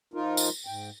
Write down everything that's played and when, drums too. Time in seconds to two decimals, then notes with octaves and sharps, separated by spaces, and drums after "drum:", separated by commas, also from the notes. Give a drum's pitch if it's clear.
0.14 F3 D#4 F4 A#4
0.37 drum: tambourine
0.66 G#2 G5